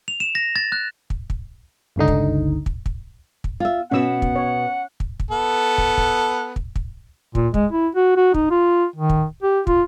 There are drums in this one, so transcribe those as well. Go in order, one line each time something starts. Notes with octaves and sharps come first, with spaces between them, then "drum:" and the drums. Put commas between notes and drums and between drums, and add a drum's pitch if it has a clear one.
F7
E7
A#6
A6
F#6
drum: kick
drum: kick
G1 C#2 D3 D#4
drum: kick
drum: kick
drum: kick
drum: kick
F4 E5
B2 B3 C#4 F#4 F#5 E6
drum: kick
C#5
drum: kick
drum: kick
B3 A4
drum: kick
drum: kick
drum: kick
drum: kick
A#2, drum: kick
G#3, drum: kick
E4
F#4
F#4
D#4, drum: kick
F4
D#3
drum: kick
G4
F4, drum: kick